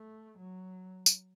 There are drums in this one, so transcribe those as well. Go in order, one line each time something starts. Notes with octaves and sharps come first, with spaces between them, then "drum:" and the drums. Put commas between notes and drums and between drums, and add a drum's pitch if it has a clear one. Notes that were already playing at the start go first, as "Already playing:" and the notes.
Already playing: A3
F#3
drum: tambourine